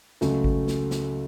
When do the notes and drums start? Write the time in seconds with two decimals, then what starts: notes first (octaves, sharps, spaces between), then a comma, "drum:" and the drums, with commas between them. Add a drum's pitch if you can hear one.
0.21 C#2 C#3 F#3 A3, drum: snare
0.44 drum: kick G#1
0.68 drum: snare
0.91 drum: snare